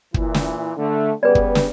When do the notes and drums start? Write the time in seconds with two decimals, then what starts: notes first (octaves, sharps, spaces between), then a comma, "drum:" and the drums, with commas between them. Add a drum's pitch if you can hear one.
0.14 A#2 E3 E4, drum: kick
0.34 drum: snare
0.77 D3 A3
1.23 C#3 G3 B3 G#4 B4 D5
1.35 drum: kick
1.55 drum: snare